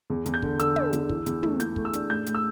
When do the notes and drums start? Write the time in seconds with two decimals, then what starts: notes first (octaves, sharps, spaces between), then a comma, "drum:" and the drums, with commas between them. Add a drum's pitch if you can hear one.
0.10 E2
0.26 E2, drum: hi-hat
0.34 G6
0.42 D3, drum: kick
0.59 D3 E6, drum: hi-hat
0.76 D3, drum: tom
0.93 E2, drum: hi-hat
1.09 E3, drum: kick
1.26 E2, drum: hi-hat
1.43 A3, drum: tom
1.60 E3 G6, drum: hi-hat
1.76 A3, drum: kick
1.85 E6
1.93 D4, drum: hi-hat
2.10 A2 G6
2.26 A2, drum: hi-hat
2.35 E6